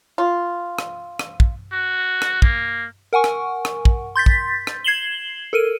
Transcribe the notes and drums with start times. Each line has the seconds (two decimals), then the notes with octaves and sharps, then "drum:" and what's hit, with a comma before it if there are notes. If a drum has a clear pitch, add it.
0.18 F4
0.79 drum: rim click
1.19 drum: rim click
1.40 drum: kick
1.72 F#4
2.22 drum: rim click
2.42 A#3, drum: kick
3.13 A#4 F#5 G#5 C#6
3.24 drum: rim click
3.65 drum: rim click
3.85 drum: kick
4.16 C6 G6 A6 B6
4.26 drum: kick
4.67 drum: rim click
4.84 G#6 C7 E7 F#7 G7
5.53 A4 A#4 D#7